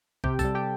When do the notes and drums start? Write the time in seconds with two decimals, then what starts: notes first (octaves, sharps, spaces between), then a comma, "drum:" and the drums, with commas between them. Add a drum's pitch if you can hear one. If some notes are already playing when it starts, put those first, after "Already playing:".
0.24 C3 G4 G5, drum: kick
0.39 A4 A5, drum: kick, tambourine
0.44 G3
0.55 G4 G5